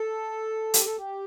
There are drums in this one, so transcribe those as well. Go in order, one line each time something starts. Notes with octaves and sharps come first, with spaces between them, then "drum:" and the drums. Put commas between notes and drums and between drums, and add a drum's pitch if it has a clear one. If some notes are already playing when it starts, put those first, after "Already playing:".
Already playing: A4
G4, drum: hi-hat
A4
G4